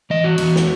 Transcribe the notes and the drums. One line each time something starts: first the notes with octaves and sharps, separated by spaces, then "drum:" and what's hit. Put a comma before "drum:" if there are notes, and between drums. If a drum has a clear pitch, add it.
E3 D#5
F#4
E2, drum: cymbal
drum: snare